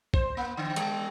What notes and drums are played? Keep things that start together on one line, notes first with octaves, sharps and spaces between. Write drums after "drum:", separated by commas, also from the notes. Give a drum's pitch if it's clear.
C5, drum: kick
A#3
D3
G3, drum: hi-hat